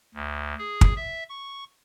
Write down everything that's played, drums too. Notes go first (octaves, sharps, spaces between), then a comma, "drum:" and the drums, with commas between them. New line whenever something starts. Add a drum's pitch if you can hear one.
D2
G#4
drum: kick
E5
C#6